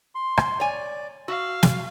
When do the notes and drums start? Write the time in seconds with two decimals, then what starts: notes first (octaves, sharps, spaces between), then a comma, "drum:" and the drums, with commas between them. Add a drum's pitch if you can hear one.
0.15 C6
0.37 drum: rim click
0.60 C#5 D5 G#5
1.28 F#4 F5 E6
1.63 drum: snare